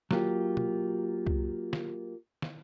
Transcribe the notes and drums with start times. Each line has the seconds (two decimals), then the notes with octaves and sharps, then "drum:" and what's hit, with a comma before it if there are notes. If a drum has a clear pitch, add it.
0.11 F#3 A#3 F4 G4, drum: snare
0.57 drum: tom
1.27 drum: kick C2
1.73 drum: snare
2.42 drum: snare